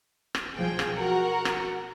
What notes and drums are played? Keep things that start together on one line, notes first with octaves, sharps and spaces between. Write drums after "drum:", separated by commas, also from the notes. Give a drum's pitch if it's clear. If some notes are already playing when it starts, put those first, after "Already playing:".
drum: rim click
B1 F3 G#4 G5
drum: rim click
F#4 A#4 F#5
drum: rim click